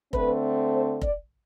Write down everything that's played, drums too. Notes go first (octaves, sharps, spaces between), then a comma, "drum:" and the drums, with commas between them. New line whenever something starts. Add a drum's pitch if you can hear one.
D3 A3 C4 B4, drum: kick F1
C5
D5, drum: kick F1